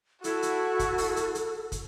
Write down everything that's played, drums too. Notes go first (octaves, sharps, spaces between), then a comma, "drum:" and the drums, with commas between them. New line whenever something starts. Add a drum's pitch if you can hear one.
E4 F#4 A4, drum: hi-hat
drum: hi-hat
drum: kick, hi-hat
drum: open hi-hat
drum: hi-hat
drum: hi-hat
drum: kick, hi-hat